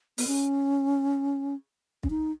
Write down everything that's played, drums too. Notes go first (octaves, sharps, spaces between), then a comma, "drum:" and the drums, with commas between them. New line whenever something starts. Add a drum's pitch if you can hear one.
B3, drum: open hi-hat
C#4
C#4, drum: kick
D#4